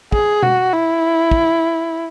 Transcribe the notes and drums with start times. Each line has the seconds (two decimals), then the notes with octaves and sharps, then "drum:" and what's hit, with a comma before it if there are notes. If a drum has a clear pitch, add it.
0.12 G#4, drum: kick
0.43 F#4, drum: tom B2
0.73 E4
1.31 drum: kick